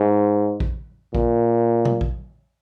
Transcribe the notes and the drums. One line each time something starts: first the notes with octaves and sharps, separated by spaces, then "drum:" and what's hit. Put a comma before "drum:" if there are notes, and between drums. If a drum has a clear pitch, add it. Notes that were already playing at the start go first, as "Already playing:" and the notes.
Already playing: G#2
drum: kick A#1
A#2, drum: kick A#1
drum: tom B2
drum: kick A#1